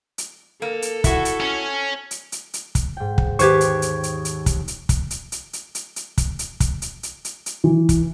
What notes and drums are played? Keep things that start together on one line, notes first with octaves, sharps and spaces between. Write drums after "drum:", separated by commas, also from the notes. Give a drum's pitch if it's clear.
drum: hi-hat
A#3 A4
drum: hi-hat
E4 F#4, drum: kick, hi-hat
drum: hi-hat
C#4
drum: hi-hat
drum: hi-hat
drum: hi-hat
drum: kick, hi-hat
G#2 G5
drum: kick
D#2 G4 B4 C5 C#6 G#6, drum: hi-hat
drum: hi-hat
drum: hi-hat
drum: hi-hat
drum: hi-hat
drum: kick, hi-hat
drum: hi-hat
drum: kick, hi-hat
drum: hi-hat
drum: hi-hat
drum: hi-hat
drum: hi-hat
drum: hi-hat
drum: kick, hi-hat
drum: hi-hat
drum: kick, hi-hat
drum: hi-hat
drum: hi-hat
drum: hi-hat
drum: hi-hat
E3
drum: kick, hi-hat